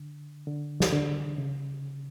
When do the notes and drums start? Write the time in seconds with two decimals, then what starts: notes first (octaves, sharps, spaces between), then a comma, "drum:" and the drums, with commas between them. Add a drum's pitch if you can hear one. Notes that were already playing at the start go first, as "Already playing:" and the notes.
Already playing: D3
0.47 D3
0.80 drum: snare
0.93 D3
1.38 C#3